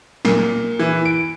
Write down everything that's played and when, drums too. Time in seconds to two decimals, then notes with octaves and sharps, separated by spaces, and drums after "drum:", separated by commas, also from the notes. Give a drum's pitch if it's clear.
0.25 A#2, drum: snare
0.79 E3
1.05 D7